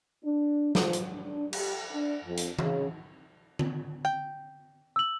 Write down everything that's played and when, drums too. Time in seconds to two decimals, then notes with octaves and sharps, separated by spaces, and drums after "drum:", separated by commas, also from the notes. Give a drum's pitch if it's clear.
0.25 D4
0.75 F3, drum: snare
0.93 drum: hi-hat
1.14 D4
1.53 G4, drum: cymbal
1.92 D4
2.25 F2
2.37 drum: hi-hat
2.59 C#3, drum: tom E3
3.59 drum: tom D3
4.05 G5
4.96 E6 F#7